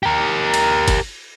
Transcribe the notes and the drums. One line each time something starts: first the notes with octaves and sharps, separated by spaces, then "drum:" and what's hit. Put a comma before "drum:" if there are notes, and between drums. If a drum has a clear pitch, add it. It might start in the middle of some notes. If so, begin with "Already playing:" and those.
G4 A#4
drum: cymbal
drum: kick, cymbal